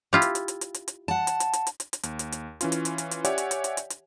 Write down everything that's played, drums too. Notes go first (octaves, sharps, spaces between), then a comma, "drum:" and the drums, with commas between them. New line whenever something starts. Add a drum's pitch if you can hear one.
E4 F4 G4
drum: hi-hat
drum: hi-hat
drum: hi-hat
drum: hi-hat
drum: hi-hat
drum: hi-hat
F#5 A5
drum: hi-hat
drum: hi-hat
drum: hi-hat
drum: hi-hat
drum: hi-hat
drum: hi-hat
D#2, drum: hi-hat
drum: hi-hat
drum: hi-hat
E3 C#4 F4, drum: hi-hat
drum: hi-hat
drum: hi-hat
drum: hi-hat
drum: hi-hat
G4 C#5 D5 E5 F#5 G#5, drum: hi-hat
drum: hi-hat
drum: hi-hat
drum: hi-hat
drum: hi-hat
drum: hi-hat